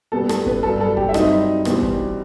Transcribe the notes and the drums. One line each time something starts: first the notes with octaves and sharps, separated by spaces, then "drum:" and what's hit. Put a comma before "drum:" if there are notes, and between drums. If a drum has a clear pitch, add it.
B2 G3 B3 A4
A4, drum: rim click
B3 B4, drum: kick
G2 F#3 B3 A4
A4
G4, drum: kick
E5
G2 F#3 C4 D#4 D#5, drum: rim click
E2 B2 G3 C4, drum: rim click
drum: kick